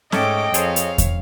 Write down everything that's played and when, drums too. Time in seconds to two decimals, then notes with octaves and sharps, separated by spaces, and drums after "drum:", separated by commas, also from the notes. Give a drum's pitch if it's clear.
0.12 G#2 A3 C#4 A4 C#5 D#5 G5 D6, drum: snare
0.54 F2 G#4 A4 C5 C#5 F5, drum: hi-hat
0.76 drum: hi-hat
0.98 drum: kick E2, hi-hat